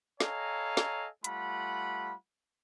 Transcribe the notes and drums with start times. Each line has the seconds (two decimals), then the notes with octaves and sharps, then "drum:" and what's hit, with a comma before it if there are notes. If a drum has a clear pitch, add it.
0.20 A4 C#5 D#5 F5 G#5 A#5, drum: snare
0.77 drum: snare
1.24 G3 A3 F4 F#5 B5, drum: hi-hat